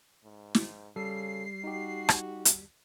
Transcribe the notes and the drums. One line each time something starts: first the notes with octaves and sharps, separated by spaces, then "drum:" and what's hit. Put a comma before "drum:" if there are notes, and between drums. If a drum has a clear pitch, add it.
G#2
drum: snare
C#3 G3 A4 C7
D#4 F#4 G4
drum: rim click
drum: hi-hat